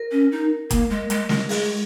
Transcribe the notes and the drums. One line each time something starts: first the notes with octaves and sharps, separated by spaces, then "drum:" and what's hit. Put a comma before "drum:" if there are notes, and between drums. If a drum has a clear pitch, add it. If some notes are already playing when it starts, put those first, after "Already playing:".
Already playing: A#4
C#4
D#4
A#3, drum: kick F#1, hi-hat
G#3
G#3, drum: hi-hat
G#3, drum: snare
G#3 G#4, drum: open hi-hat